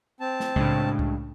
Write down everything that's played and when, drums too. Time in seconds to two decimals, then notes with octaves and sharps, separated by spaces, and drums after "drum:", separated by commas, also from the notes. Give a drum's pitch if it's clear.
0.20 C4 A5
0.40 drum: snare
0.56 A2 C#3 G#3 B3 D4, drum: kick C2
0.99 drum: kick C2